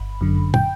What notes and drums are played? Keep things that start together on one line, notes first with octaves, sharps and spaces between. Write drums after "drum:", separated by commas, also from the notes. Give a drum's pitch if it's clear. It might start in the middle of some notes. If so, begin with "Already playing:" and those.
Already playing: G1 B5
F#2 D3
G5, drum: tom